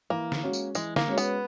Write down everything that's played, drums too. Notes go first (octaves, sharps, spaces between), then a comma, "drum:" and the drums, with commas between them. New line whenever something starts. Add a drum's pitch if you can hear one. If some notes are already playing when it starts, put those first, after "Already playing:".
E3 A#3
drum: snare
G#3 C#4 F#4 C#5
drum: tambourine
E3 G#3, drum: tambourine
A#3, drum: snare
G#3 C#4 F#4 C#5
B3, drum: tambourine